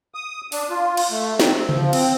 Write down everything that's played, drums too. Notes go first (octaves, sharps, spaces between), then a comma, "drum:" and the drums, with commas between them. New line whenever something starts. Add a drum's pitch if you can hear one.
D#6
D4, drum: open hi-hat
F4
drum: cymbal
A3
C4, drum: snare
F3, drum: tom C#3
C4, drum: cymbal